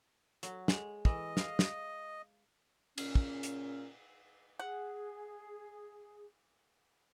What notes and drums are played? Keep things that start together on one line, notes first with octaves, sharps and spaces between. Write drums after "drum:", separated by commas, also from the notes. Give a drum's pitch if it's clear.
F#3, drum: hi-hat
G#3, drum: snare
E3 D#5, drum: kick
F5, drum: snare
drum: snare
A#2 C#3 C#4, drum: cymbal
drum: kick
drum: hi-hat
G#4 F#5